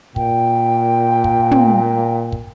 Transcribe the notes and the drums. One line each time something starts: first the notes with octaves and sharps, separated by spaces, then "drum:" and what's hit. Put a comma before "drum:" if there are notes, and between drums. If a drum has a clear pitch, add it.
A#2 G5, drum: kick
drum: kick
drum: tom
drum: kick